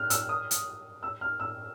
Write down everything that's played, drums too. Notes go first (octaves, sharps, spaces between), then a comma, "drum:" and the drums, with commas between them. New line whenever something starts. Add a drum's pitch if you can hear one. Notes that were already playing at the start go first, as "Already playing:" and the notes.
Already playing: F6 F#6
E6, drum: hi-hat
D#6
drum: hi-hat
E6
F6
E6